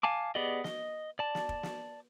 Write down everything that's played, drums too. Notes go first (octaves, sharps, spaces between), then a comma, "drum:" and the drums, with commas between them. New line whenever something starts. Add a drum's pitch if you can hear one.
F5 G#5 A5 D6
B3 G4 G#4 D5 D#5
D#5, drum: snare
D5 A5
drum: snare
drum: kick
drum: snare